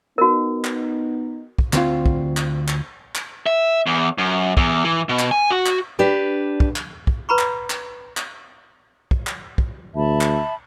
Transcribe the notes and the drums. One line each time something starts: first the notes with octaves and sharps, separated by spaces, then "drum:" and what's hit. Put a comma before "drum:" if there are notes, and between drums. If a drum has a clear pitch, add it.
B3 D#4 F#4 A#4
drum: clap
drum: kick
D2 C4 F4, drum: clap
drum: kick
drum: clap
drum: clap
drum: clap
E5
E2
F#2
E2, drum: kick
E3
B2
drum: clap
G#5
F#4
drum: clap
D4 G4 B4 D5
drum: kick
drum: clap
drum: kick
B4 A#5 B5 C#6
drum: clap
drum: clap
drum: clap
drum: kick
drum: clap
drum: kick
D2 E5 A5 B5
drum: clap